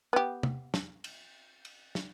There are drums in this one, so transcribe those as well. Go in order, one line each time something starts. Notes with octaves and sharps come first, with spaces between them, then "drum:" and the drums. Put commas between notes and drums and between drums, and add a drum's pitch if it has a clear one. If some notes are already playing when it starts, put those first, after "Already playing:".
B3 G4
drum: tom
drum: snare
drum: cymbal
drum: cymbal
drum: snare